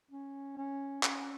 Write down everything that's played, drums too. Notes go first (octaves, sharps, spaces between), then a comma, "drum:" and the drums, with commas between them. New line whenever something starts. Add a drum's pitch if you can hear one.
C#4
C#4
C#4, drum: clap